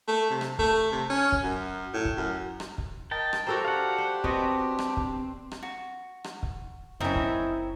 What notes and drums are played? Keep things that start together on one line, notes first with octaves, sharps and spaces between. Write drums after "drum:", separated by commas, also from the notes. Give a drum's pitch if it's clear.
A3
C3
drum: rim click
A3, drum: kick
C3
C#4
drum: kick
F#2
A2
drum: kick
F#2
drum: rim click
drum: kick
A#4 D#5 G5 A5
drum: rim click
F#4 G4 A4 A#4 C5 A#5
D4 G4 F5 F#5
C5
B3 C4 F#4 D#5, drum: kick
drum: rim click
drum: kick
drum: rim click
F#4
drum: rim click
drum: kick
F#1 C4 C#4 D#4 E4 A#4
drum: kick